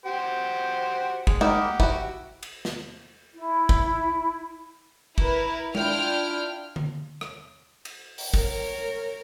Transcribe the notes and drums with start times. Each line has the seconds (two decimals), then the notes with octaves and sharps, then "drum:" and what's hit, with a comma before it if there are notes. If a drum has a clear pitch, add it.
0.06 F#4 G4 C5
1.27 G#3, drum: kick
1.41 A#3 D#4 E4 G4 F#5, drum: tom G#3
1.80 E4 F#4, drum: kick
2.43 drum: cymbal
2.65 drum: snare
3.33 E4
3.69 drum: kick
5.18 E4 A#4 B4, drum: kick
5.75 D4 E4 F4 G5 F6, drum: tom G#3
6.76 drum: tom D3
7.21 drum: rim click
7.85 drum: cymbal
8.18 drum: open hi-hat
8.34 A#4 C#5, drum: kick